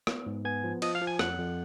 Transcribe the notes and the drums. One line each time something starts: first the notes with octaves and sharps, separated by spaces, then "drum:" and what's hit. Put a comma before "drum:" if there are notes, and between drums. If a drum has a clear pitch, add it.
B3, drum: rim click
G#2
B3 G#5 G#6
F3
F3 D#5 D#6, drum: cymbal
F5 F6
F3
G#5 G#6
F2 F#5 F#6, drum: rim click
F2